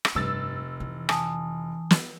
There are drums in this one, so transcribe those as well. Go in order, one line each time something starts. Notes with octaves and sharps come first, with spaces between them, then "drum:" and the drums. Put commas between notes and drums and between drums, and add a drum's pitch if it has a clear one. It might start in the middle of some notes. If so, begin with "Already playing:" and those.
drum: rim click
F1 G2 G3 E6 A6
E3
G#5 A5 D#6, drum: rim click
drum: snare